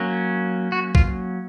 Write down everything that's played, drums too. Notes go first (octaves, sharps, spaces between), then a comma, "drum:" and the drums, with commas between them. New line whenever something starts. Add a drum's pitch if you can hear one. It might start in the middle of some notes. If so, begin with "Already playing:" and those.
Already playing: F#3 A#3 C#4
F#4
F4, drum: kick A#1